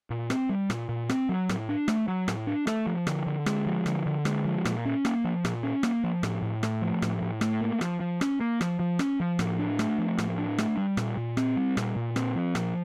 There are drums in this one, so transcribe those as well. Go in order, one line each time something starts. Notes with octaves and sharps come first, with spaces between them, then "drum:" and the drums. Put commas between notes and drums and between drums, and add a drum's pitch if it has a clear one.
A#2
C4, drum: rim click
G3
A#2, drum: rim click
A#2
C4, drum: rim click
F#3
A2, drum: rim click
D4
A3, drum: rim click
F#3
A2, drum: rim click
D4
A3, drum: rim click
F3
D3, drum: rim click
D3
G#3, drum: rim click
F3
D3, drum: rim click
D3
G#3, drum: rim click
F3
A#2, drum: rim click
C#4
A#3, drum: rim click
F3
A#2, drum: rim click
C#4
A#3, drum: rim click
F3
A2, drum: rim click
A2
A3, drum: rim click
F3
A2, drum: rim click
A2
A3, drum: rim click
A#3
F3, drum: rim click
F3
C#4, drum: rim click
A#3
F3, drum: rim click
F3
C#4, drum: rim click
F3
A2, drum: rim click
D4
A3, drum: rim click
F3
A2, drum: rim click
D4
A3, drum: rim click
G3
A#2, drum: rim click
A#2
C4, drum: rim click
G3
A#2, drum: rim click
A#2
C4, drum: rim click
F3
A#2, drum: rim click